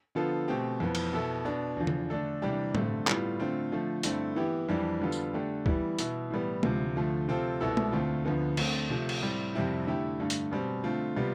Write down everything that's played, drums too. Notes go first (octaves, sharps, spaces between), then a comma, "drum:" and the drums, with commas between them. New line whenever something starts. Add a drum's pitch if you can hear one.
D3 F3 B3 F4 A4
B2 A3 C4 G4
F2 E3 B3
drum: cymbal
B2 B3 E4 A4
B2 B3 D4
E2 D3 F3
drum: tom
D3 A3 D4 A4
C3 E3 G3 D4 G4
G2 D3 A3 C4, drum: tom A2
A2 G3 B3 F4, drum: clap
D3 A3 C4 F4
D3 F3 A3
G2 D3 A3 C4 E4, drum: hi-hat
E3 B3 E4 G4
F2 E3 G3 D4 G4
D3 G3 B3 F4 A4
drum: tambourine
D3 A3 D4 G4
E3 G3 B3 E4, drum: kick C#2
B2 B3 E4, drum: hi-hat
A2 E3 G3 B3
D2 C3 F3, drum: tom G#3
D2 D3 F3 A3
C3 F3 C4 F4 A4
C2 B2 B3 E4 A4
drum: tom G#3
D2 D3 A3 C4 F4
D2 D3 F3 B3
D3 A3 C4, drum: cymbal
C3 F3 A3
drum: cymbal
A2 G3 C4 G4
F2 C3 G3 C4 E4
D3 A3 E4 G4
G2 D3 A3
drum: hi-hat
B2 G3 C4
D3 A3 C4 F4
C3 G3 B3 F4